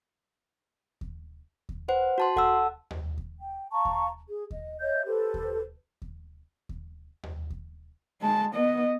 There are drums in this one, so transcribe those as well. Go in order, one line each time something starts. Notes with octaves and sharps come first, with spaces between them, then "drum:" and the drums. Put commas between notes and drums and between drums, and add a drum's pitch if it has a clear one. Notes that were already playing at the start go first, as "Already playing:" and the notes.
drum: kick D#2
drum: kick D#2
B4 C5 F#5
F#4 A5 C6
A4 F#5 A5 E6, drum: kick D#2
drum: tom D#2
drum: kick D#2
G5
F5 A5 A#5 C#6
drum: kick D#2
G#4
D#5, drum: kick D#2
C#5 D#5 E5 G6
G4 A4 B4 C5
drum: kick D#2
drum: kick D#2
drum: kick D#2
drum: tom D#2
drum: kick D#2
G#3 A5
B3 D#5